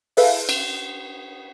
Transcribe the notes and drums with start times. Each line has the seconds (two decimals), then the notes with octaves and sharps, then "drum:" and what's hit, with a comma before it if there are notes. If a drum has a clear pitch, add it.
0.17 E4 G#4 A4 B4 E5 F5, drum: open hi-hat
0.49 drum: cymbal